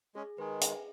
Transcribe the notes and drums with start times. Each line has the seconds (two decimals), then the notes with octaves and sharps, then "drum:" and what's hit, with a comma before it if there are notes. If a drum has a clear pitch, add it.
0.15 G#3 C#4 G#4
0.38 D#3 G#3 B4 G#5
0.61 G#4, drum: hi-hat